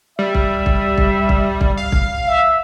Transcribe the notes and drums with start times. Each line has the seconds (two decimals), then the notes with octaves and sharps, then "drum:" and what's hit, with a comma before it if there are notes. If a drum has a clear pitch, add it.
0.19 G3 E5
0.34 drum: kick
0.66 drum: kick
0.98 drum: kick
1.29 drum: kick
1.61 drum: kick
1.77 F5
1.92 drum: kick
2.27 E5